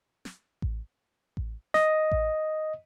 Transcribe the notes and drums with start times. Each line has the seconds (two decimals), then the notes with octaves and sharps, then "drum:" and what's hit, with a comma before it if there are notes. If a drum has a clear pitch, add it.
0.25 drum: snare
0.62 drum: kick A1
1.37 drum: kick A1
1.74 D#5, drum: snare
2.12 drum: kick A1